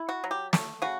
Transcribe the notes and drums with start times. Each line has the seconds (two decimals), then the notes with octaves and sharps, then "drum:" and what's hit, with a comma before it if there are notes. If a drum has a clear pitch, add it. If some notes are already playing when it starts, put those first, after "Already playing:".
Already playing: E4
0.09 F#4
0.24 F#3
0.31 G4
0.53 A3, drum: snare
0.82 C#3 F#4